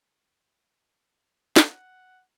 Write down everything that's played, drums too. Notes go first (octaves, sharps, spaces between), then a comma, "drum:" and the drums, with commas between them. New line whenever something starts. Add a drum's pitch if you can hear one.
F#5, drum: snare